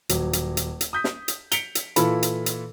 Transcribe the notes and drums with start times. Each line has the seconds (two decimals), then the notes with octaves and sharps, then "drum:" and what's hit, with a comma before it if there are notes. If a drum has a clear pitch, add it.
0.09 D#1 F#3, drum: hi-hat
0.33 drum: hi-hat
0.57 drum: hi-hat
0.81 drum: hi-hat
0.93 D#6 G6 B6
1.04 drum: snare
1.28 drum: hi-hat
1.52 B6 C#7 D7 F7 G7, drum: hi-hat
1.75 drum: hi-hat
1.96 A#2 E3 E4 F4 A4 B5, drum: hi-hat
2.23 drum: hi-hat
2.46 drum: hi-hat